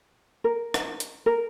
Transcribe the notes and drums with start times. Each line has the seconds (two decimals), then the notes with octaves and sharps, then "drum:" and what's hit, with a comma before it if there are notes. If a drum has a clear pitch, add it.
0.44 A#4
0.74 drum: rim click
1.00 drum: hi-hat
1.26 A#4